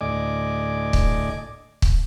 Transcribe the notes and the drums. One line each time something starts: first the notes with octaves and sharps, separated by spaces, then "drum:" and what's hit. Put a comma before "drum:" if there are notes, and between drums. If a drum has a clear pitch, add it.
D2 A2 D5 D#5 G#5 D6
drum: kick
drum: kick